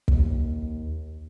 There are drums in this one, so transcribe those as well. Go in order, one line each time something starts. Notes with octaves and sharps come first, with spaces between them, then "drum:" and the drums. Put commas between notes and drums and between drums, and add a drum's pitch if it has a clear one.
D#2, drum: kick